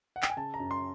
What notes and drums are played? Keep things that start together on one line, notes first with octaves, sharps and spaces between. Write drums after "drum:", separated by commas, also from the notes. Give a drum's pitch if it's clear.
F#5
G5, drum: clap
G#5
C#3 A5
A#5
F#2
C6